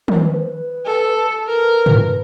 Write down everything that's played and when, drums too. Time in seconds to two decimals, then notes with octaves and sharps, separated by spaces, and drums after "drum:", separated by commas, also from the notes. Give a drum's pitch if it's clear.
0.08 A#4, drum: tom D#3
0.23 B4
0.33 C5
0.43 B4
0.86 A4
1.47 A#4 B4
1.86 drum: tom